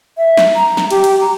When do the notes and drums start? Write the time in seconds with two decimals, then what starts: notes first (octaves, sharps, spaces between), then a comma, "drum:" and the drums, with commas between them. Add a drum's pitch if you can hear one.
0.18 E5
0.37 drum: snare
0.55 A#5
0.77 drum: snare
0.91 G4, drum: cymbal
1.04 drum: cymbal
1.21 A#5